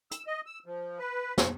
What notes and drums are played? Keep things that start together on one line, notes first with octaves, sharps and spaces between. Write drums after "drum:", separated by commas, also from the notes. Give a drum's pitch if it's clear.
E6, drum: hi-hat
D#5
E6
F3
B4
G#2, drum: snare